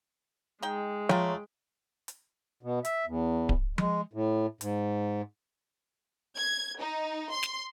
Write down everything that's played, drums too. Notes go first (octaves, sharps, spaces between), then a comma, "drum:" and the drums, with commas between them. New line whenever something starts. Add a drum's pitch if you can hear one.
G#3 D#4 G5
A3 F4 C#5 G5 A#5 C6, drum: tom F3
drum: hi-hat
B2
E5, drum: hi-hat
E2
drum: kick D1
G#3, drum: tom F3
A2
G#2, drum: hi-hat
G#6
D#4
C6
drum: snare